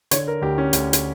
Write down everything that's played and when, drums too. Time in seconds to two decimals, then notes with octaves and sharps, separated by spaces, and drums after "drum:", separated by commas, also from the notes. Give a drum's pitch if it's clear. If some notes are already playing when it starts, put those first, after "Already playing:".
0.11 D3 C#5, drum: hi-hat
0.28 A#4
0.42 D2 G4
0.58 C#4
0.73 D2, drum: hi-hat
0.93 drum: hi-hat